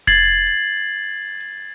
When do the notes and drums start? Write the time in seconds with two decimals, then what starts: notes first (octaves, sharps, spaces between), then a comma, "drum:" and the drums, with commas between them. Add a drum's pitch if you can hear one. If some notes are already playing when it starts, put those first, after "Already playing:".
0.07 G#6 A6 C7 F#7, drum: kick F1
0.46 drum: hi-hat
1.40 drum: hi-hat